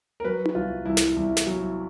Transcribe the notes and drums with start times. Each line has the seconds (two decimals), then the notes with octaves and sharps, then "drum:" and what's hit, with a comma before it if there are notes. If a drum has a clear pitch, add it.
0.20 A#4
0.25 F#3 B4
0.46 drum: tom D#4
0.55 C2 F4
0.86 C2 E4
0.97 drum: snare
1.17 C2
1.37 drum: snare
1.47 F#3